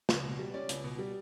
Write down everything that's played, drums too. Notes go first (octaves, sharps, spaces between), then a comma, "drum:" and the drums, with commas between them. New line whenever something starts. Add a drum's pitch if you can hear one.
C#2, drum: snare
B2
G3
C#4 D5
C#2, drum: hi-hat
B2
G3